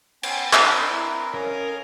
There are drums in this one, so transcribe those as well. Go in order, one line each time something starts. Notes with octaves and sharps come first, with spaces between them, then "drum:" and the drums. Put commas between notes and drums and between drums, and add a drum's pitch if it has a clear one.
B3 C#4 C5 G5, drum: cymbal
C4 D4 A#4 B4, drum: clap
E4
C#4 A#4 D#5 F5 G#5